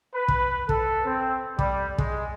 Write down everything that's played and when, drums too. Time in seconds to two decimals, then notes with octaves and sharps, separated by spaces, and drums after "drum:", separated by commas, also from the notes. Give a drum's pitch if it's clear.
0.15 B4
0.28 drum: kick
0.69 A4, drum: kick
1.06 C4
1.59 G3, drum: kick
1.98 G#3, drum: kick